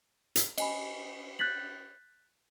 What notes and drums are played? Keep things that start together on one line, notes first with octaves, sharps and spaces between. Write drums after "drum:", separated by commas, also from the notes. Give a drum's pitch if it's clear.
drum: hi-hat
D#5 G#5 B5, drum: cymbal
F#6 G6 A6 B6 F#7